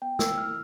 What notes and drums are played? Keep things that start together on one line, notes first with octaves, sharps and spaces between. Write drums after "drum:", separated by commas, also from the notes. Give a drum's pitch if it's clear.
B3 G5
E4 E6, drum: snare
E4 F6